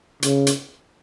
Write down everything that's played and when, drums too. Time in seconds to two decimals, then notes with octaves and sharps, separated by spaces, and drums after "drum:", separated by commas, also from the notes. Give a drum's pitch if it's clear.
0.22 C#3, drum: hi-hat
0.47 drum: hi-hat